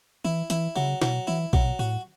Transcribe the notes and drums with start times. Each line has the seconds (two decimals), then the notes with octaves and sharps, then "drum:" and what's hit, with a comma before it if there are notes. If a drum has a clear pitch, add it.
0.25 E3 E4
0.50 E3 E4, drum: hi-hat
0.76 C#3 F#3
1.02 B2 F#3, drum: snare
1.27 E3 E4
1.53 B2 F#3, drum: kick A#1
1.79 A2 F#4